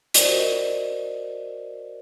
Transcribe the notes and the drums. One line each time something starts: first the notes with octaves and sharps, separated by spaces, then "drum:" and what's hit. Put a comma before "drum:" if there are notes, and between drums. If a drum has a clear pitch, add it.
F#4 A#4 C5 D5 D#5, drum: hi-hat